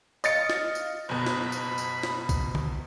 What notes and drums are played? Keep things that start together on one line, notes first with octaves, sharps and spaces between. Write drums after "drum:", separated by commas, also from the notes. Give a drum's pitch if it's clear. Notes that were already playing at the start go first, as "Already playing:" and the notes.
D#5 F5 A6 C#7, drum: tambourine
drum: snare
drum: tambourine
F#1 B2 B5
drum: snare
drum: tambourine
drum: tambourine
drum: snare
drum: kick B1, tambourine
drum: tom D3